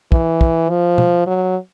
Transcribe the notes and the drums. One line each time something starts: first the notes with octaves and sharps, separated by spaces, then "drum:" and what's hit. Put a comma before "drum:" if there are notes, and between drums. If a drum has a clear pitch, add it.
E3, drum: kick
drum: kick
F3
drum: tom B2
F#3